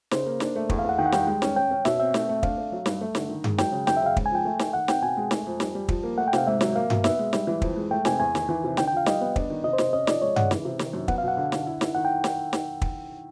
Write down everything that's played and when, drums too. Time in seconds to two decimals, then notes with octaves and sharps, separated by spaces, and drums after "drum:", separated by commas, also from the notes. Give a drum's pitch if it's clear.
0.11 C#3 C5, drum: snare
0.26 A#3
0.40 D4, drum: snare
0.56 A3
0.70 E2, drum: kick
0.79 F5
0.84 E2 F#5
0.99 D#3 G5
1.06 F#5
1.12 G3 G5, drum: snare
1.27 G#3
1.42 C#4, drum: snare
1.56 C#4 G5
1.71 C#4
1.85 B2 E5, drum: snare
2.00 C4 E5
2.14 A3, drum: snare
2.29 A3
2.43 D4 F5, drum: kick
2.58 A3
2.72 F#3
2.86 G2, drum: snare
3.01 A3
3.15 D3, drum: snare
3.29 D#3
3.44 G#3, drum: tom G2
3.58 F#3 G5, drum: snare
3.72 C#3
3.87 F#2 G5, drum: snare
3.97 E5
4.02 C#3 F5
4.17 G#2, drum: kick
4.26 G#5
4.31 F3 G5
4.45 A3
4.59 A3, drum: snare
4.73 D#3 F#5
4.88 C4 G5, drum: snare
5.02 B2 G#5
5.17 G#3
5.31 A3, drum: snare
5.46 F2
5.60 G3, drum: snare
5.75 G3
5.89 F3, drum: kick
6.03 A#3
6.18 A3 F#5
6.28 G5
6.33 C3 F5, drum: snare
6.47 G#2 E5
6.61 F#3, drum: snare
6.76 A#3 F5
6.90 B2, drum: tom G2
7.04 B3 E5, drum: snare
7.19 G#3
7.33 G3, drum: snare
7.47 E3
7.62 F2, drum: kick
7.76 G#3
7.91 A3 G5
8.05 C3 G#5, drum: snare
8.19 E2 G#5
8.35 D#3, drum: snare
8.49 E3
8.64 C3
8.77 D3 G5, drum: snare
8.88 G5
8.93 F3 F5
9.06 G3 D#5, drum: snare
9.21 B3
9.36 D4, drum: kick
9.50 D#3
9.64 C3 D#5
9.73 C5
9.78 C3, drum: snare
9.93 C#4 D#5
10.07 F3 D5, drum: snare
10.22 G#3 C#5
10.36 C#3 F#5, drum: tom G2
10.51 E3, drum: snare
10.65 C3
10.79 D#3, drum: snare
10.93 F#2
11.08 B3 F#5, drum: kick
11.18 F5
11.23 B2 F#5
11.37 D3
11.52 D3, drum: snare
11.67 E4
11.81 E4, drum: snare
11.95 D#3 F#5
12.05 G5
12.24 drum: snare
12.53 drum: snare
12.82 drum: kick